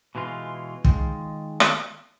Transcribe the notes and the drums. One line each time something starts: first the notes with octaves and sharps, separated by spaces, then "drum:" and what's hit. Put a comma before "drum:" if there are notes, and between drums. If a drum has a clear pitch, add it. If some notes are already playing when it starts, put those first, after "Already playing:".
B2 E3 G#3 F4
D#3 G#3 F4, drum: kick
drum: rim click